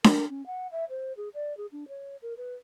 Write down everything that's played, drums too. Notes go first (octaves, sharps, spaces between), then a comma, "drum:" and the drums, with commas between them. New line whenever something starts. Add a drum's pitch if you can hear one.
A#4, drum: snare D4
C#4
F#5
E5
C5
G#4
D5
G#4
D4
C#5
A#4
B4